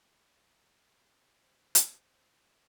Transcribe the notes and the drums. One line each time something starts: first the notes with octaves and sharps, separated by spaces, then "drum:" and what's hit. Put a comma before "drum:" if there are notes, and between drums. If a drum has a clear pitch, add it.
F#2 G3
C5
drum: hi-hat
A3 F4
A#4 E5